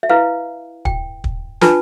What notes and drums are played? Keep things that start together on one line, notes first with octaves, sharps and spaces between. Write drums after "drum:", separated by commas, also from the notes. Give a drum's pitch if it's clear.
E5
E4 B4 F5
G5, drum: kick
drum: kick
D4 F4 B4 A5, drum: snare